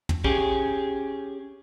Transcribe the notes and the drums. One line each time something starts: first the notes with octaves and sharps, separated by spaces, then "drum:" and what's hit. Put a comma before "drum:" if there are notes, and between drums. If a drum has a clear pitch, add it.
drum: tom
C#4 G4 G#4, drum: kick A#1